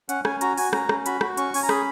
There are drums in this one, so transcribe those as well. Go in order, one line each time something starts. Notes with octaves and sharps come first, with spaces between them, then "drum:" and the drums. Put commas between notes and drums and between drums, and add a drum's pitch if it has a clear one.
C#4 F#5, drum: hi-hat
C#4 G#5, drum: rim click
F#4 A#5, drum: hi-hat
F#4 G#5, drum: open hi-hat
C#4 A#5, drum: rim click
C#4, drum: rim click
F#4 B5, drum: hi-hat
F#4, drum: rim click
C#4 C#6, drum: hi-hat
C#4 G#5, drum: open hi-hat
A#5
G#4 B5, drum: rim click